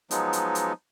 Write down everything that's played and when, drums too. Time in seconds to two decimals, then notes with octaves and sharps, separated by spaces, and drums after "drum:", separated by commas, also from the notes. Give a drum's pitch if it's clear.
0.11 F3 F#3 G#3 B3 D#4, drum: hi-hat
0.33 drum: hi-hat
0.55 drum: hi-hat